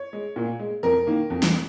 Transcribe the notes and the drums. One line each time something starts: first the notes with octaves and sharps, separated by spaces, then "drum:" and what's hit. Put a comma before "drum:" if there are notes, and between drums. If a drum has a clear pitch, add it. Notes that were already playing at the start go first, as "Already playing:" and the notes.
Already playing: C#5
G#3
A#2
G#3
F2 A#4
D#3 A#3
F2
drum: snare